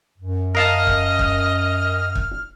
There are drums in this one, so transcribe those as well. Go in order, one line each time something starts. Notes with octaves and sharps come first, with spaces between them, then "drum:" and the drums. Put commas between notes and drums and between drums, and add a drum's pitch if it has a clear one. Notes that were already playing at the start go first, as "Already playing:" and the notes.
F#2
A#4 D#5 F5 A5 F6
drum: kick
drum: kick
drum: kick